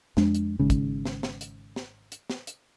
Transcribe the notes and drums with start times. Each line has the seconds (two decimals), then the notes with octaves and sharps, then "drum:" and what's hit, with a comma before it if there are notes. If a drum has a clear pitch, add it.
0.17 F2 G#3 D4, drum: snare
0.35 drum: hi-hat
0.59 G#1 G#2 C#3
0.70 drum: kick, hi-hat
1.05 drum: snare
1.23 drum: snare
1.41 drum: hi-hat
1.76 drum: snare
2.12 drum: hi-hat
2.30 drum: snare
2.47 drum: hi-hat